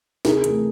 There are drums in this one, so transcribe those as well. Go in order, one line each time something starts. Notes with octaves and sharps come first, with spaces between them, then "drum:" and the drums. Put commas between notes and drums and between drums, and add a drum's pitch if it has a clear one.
C3 G#4 A#4, drum: snare
E3 A3, drum: hi-hat